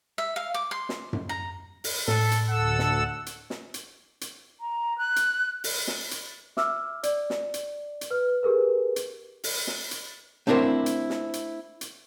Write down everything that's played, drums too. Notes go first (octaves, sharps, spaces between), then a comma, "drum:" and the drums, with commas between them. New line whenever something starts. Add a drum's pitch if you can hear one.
E5
F5
D6
C6
drum: snare
drum: tom F#2
A#5
drum: open hi-hat
A2 A4, drum: snare
drum: hi-hat
D2 A4 F#5 E6
drum: snare
drum: hi-hat
drum: snare
drum: hi-hat
drum: hi-hat
A#5
F#6
drum: hi-hat
drum: open hi-hat
drum: snare
drum: hi-hat
E5 D6 E6 F6, drum: snare
D5, drum: hi-hat
drum: snare
drum: hi-hat
drum: hi-hat
B4 F6
G4 G#4 A#4 B4
drum: hi-hat
drum: open hi-hat
drum: snare
drum: hi-hat
A3 C4 D4 E4 A#4 C5
drum: hi-hat
drum: snare
drum: hi-hat
drum: hi-hat